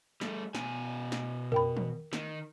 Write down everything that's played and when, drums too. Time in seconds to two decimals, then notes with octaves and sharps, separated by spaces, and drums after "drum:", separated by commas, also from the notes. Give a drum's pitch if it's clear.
0.21 G3 A3, drum: snare
0.55 B2 G#5, drum: snare
1.12 drum: snare
1.52 A#4 G5 B5, drum: tom
1.77 drum: tom
2.13 D#3, drum: snare